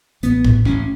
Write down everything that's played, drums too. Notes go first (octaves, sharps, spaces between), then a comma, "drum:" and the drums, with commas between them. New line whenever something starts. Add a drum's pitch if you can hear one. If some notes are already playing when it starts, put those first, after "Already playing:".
A1 B3, drum: hi-hat
A2, drum: kick
A1 C#4, drum: kick